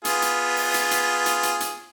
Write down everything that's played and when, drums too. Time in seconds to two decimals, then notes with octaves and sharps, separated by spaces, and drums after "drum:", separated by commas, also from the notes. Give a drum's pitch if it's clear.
0.05 B3 F4 G#4, drum: hi-hat
0.22 drum: hi-hat
0.57 drum: open hi-hat
0.74 drum: hi-hat
0.91 drum: hi-hat
1.26 drum: hi-hat
1.43 drum: hi-hat
1.60 drum: hi-hat